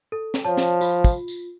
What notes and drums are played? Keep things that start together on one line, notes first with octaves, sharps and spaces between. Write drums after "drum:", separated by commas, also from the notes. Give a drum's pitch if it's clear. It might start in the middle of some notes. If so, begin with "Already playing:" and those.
A4
drum: snare
F3 C#5 A5
drum: snare
F4, drum: tambourine
drum: kick, tambourine
drum: tambourine